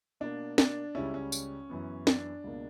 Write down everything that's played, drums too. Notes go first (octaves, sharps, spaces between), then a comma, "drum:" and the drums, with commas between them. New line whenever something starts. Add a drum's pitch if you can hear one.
B2 A#3 D4
D4, drum: snare
C#2 C#3 G3 C#4 E4
C#4
drum: tambourine
F#2 E3 B3
D4, drum: snare
C#2 B2 A#3